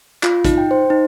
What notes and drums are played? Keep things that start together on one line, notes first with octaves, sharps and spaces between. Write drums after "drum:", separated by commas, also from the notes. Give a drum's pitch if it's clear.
F4, drum: clap
D#4, drum: kick, hi-hat
G5
C5
D#4